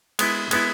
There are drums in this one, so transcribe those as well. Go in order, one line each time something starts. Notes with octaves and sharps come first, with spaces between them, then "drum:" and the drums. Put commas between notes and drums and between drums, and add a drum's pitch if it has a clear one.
G#3 B3 E4, drum: cymbal
G#3 B3 E4, drum: cymbal